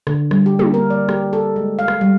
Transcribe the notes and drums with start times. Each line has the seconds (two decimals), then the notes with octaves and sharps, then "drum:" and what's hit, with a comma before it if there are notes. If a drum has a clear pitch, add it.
0.07 D3, drum: rim click
0.31 G3, drum: rim click
0.46 G4
0.59 A#3, drum: tom
0.74 A#4
0.90 D5
1.09 G4, drum: rim click
1.33 A4
1.56 G#3
1.79 F5
1.88 drum: rim click
2.01 G3